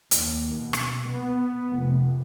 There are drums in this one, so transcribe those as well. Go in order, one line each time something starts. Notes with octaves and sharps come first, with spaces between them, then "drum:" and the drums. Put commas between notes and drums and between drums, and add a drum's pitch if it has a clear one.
D#2, drum: hi-hat
B2
drum: rim click
B3
F1